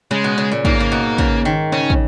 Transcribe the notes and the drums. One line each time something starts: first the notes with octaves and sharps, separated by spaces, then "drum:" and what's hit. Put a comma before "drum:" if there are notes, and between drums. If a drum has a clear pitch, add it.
C#3 G#3
B2
C#3
A#2
G#2 A#3, drum: kick
C#3
B2
C#3, drum: kick
D#3
C#3 C#4
drum: kick